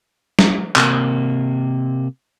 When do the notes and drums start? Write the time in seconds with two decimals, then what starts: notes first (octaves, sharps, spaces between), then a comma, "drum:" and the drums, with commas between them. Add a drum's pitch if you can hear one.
0.39 drum: snare
0.76 C3 A#3, drum: clap